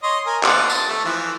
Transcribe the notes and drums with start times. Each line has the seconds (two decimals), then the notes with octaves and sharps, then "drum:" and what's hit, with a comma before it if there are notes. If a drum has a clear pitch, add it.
0.03 C#5 D#5 C6
0.26 A#4 G#5
0.43 F4 D5 F#5, drum: clap
0.70 A5, drum: tambourine
0.89 A3
1.05 E3 F3